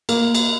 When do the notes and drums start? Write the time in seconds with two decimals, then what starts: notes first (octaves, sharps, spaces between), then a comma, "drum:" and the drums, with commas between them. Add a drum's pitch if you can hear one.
0.09 A#3, drum: cymbal
0.35 drum: cymbal